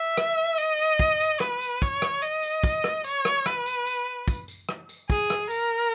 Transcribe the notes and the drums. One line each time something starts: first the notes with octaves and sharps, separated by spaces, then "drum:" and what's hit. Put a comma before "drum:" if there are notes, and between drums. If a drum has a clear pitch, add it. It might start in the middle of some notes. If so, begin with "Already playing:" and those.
Already playing: E5
drum: rim click
D#5, drum: tambourine
drum: tambourine
drum: kick
drum: tambourine
B4, drum: rim click
drum: tambourine
C#5, drum: kick, tambourine
drum: rim click
D#5, drum: tambourine
drum: tambourine
drum: kick, tambourine
drum: rim click
C#5, drum: tambourine
drum: rim click
B4, drum: rim click
drum: tambourine
drum: tambourine
drum: kick, tambourine
drum: tambourine
drum: rim click
drum: tambourine
G#4, drum: kick, tambourine
drum: rim click
A#4, drum: tambourine